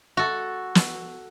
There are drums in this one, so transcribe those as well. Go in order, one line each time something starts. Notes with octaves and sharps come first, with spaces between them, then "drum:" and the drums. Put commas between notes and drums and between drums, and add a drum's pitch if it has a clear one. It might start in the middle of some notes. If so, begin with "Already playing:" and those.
F#4 A4
drum: snare